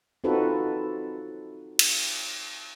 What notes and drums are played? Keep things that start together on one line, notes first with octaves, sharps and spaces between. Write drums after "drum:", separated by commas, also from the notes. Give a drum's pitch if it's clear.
C4 D#4 F4 F#4 A4 B4
drum: cymbal